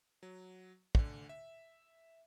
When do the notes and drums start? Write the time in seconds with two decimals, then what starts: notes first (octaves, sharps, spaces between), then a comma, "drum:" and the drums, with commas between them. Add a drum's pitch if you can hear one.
0.23 F#3
0.95 D2 D3, drum: kick
1.29 E5